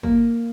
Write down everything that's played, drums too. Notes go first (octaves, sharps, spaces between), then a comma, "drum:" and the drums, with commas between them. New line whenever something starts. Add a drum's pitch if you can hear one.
A#3, drum: kick